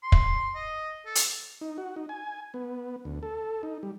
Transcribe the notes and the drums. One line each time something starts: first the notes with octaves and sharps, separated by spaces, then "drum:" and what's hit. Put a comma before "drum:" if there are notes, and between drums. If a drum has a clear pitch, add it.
C6
drum: kick
D#5
A4
drum: hi-hat
D#4
F#4
D#4
G#5
B3
D2
A4
D#4
G3